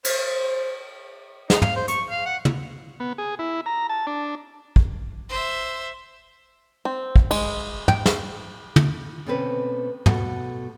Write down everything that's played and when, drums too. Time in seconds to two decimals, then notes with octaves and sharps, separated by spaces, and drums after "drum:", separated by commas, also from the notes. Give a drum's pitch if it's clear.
0.05 C5, drum: cymbal
1.50 D#4, drum: snare
1.62 F5, drum: tom
1.76 C5
1.88 C#6, drum: hi-hat
2.10 F5
2.26 F#5
2.45 drum: tom
3.00 B3
3.18 G#4
3.39 E4
3.66 A#5
3.89 A5
4.07 D4
4.76 drum: kick
5.29 C5 E5
6.85 C4
7.16 drum: kick
7.31 G#3, drum: cymbal
7.88 G5, drum: tom
8.06 drum: snare
8.76 drum: tom
9.26 B2 A3 C4 C#4 B4
10.06 B2 A3 F#4, drum: tom